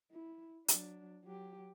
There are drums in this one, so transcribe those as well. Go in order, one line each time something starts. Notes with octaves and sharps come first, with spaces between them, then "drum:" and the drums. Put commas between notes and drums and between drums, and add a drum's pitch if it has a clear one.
E4
F#3 D4, drum: hi-hat
F#3 G4